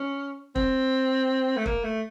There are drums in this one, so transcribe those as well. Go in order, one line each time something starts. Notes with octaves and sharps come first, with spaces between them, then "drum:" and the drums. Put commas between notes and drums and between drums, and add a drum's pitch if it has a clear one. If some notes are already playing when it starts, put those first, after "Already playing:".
Already playing: C#4
C4, drum: kick
A3
A#3, drum: kick
A3